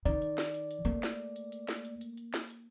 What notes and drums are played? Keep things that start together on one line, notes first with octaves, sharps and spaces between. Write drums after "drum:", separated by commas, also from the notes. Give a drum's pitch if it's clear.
D#3 D5, drum: hi-hat
drum: hi-hat
drum: snare
drum: hi-hat
drum: hi-hat
A3 A#3, drum: hi-hat
drum: snare
drum: hi-hat
drum: hi-hat
drum: snare
drum: hi-hat
drum: hi-hat
drum: hi-hat
drum: snare
drum: hi-hat